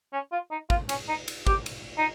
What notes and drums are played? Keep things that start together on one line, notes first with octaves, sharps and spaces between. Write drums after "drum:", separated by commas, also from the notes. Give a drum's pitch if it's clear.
C#4
F4
D#4
F4, drum: kick
C#4, drum: cymbal
D#4
drum: cymbal
G4, drum: kick
drum: cymbal
D#4